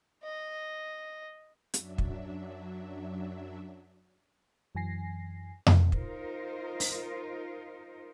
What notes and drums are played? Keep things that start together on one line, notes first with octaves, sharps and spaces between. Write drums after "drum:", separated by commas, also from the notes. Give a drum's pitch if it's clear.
D#5
F#2 F#3 D4 E5, drum: hi-hat
drum: kick
F#2 E3 F#3 G#5 A#6 C7
drum: tom F2
D#4 F4 A#4 C5, drum: kick
drum: open hi-hat